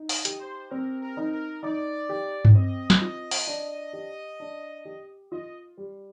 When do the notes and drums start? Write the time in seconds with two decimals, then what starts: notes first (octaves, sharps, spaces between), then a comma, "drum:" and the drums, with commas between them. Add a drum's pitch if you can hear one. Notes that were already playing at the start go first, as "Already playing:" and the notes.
Already playing: D#4
0.09 D#5, drum: open hi-hat
0.25 G4, drum: hi-hat
0.40 C5
0.71 C4 A#4
1.01 A#4
1.17 D#4
1.32 A#4
1.63 D#4 D5
2.09 G4
2.45 drum: tom G2
2.55 C4 D#5
2.90 drum: snare
3.01 F4
3.31 drum: open hi-hat
3.47 D4
3.93 G4
4.40 D4
4.85 G4
5.32 F4 D#5
5.77 G3